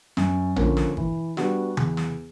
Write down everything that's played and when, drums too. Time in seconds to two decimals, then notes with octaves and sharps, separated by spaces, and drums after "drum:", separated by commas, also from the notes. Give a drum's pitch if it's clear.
0.17 F#2, drum: snare
0.56 D3 F3 A#3 C#4, drum: tom A#1
0.77 drum: snare
0.97 E3, drum: kick
1.37 G3 B3 D4 F#4, drum: snare
1.77 E2, drum: tom C#3
1.97 drum: snare